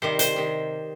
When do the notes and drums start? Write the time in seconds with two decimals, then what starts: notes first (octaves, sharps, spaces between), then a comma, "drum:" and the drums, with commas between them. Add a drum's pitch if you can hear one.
0.02 C3 D#3 G3 C5
0.19 C5, drum: hi-hat
0.36 C3 D#3